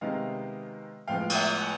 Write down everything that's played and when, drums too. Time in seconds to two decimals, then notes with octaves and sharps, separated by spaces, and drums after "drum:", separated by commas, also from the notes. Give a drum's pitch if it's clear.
0.01 C3 D#3 G#3 B3 D#5 F5
1.07 A2 F3 G#3 B3 F5 G5
1.29 G5, drum: cymbal
1.34 E5 F#5
1.61 F#5 G#5